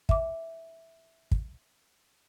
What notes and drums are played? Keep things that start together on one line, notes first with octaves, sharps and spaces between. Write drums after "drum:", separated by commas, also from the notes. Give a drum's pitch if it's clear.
E5 D6, drum: kick
drum: kick